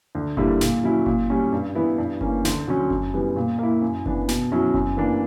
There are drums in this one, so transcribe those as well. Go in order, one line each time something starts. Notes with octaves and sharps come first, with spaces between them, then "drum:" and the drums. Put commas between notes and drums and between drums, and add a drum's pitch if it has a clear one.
D2
D3 G3 A#3 E4, drum: kick F#1
A#2, drum: snare
F#3 C#4 E4
A#2, drum: kick F#1
G3 C#4
G2
E3 B3 E4
G2
E3 A#3 C#4, drum: kick F#1
D2, drum: snare
D3 F#3 C#4
F#2, drum: kick F#1
E3 G3 B3
A#2
A#3 E4
F#2
E3 B3 D4, drum: kick F#1
B2, drum: snare
F#3 C#4 E4
F#2, drum: kick F#1
E3 A#3 D4